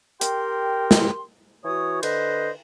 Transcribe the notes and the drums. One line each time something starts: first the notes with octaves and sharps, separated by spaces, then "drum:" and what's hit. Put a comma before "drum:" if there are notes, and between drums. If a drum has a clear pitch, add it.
G4 A#4 G5 C6, drum: hi-hat
drum: snare
E3 F#4 C#5 D#6
D3 B4 C5 D#5, drum: cymbal